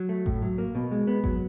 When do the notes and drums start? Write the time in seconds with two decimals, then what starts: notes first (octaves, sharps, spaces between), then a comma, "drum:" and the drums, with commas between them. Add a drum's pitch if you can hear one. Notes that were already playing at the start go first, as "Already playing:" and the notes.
Already playing: F#3
0.09 A3
0.26 A2, drum: kick G#1
0.42 F#3
0.58 A#3
0.75 B2
0.91 G#3
1.07 B3
1.24 F#3, drum: kick G#1